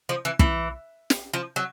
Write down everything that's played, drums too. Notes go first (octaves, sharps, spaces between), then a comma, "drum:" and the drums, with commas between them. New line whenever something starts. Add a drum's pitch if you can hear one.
F3
E3
E3, drum: kick
drum: snare
F3
F#3